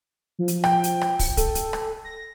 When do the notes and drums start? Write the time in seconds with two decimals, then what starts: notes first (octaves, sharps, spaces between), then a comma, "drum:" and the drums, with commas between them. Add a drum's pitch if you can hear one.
0.39 F3
0.48 drum: hi-hat
0.64 G5, drum: rim click
0.84 drum: hi-hat
1.01 drum: rim click
1.19 drum: kick, open hi-hat
1.37 A4, drum: kick, hi-hat
1.55 drum: hi-hat
1.73 drum: rim click
2.04 A#6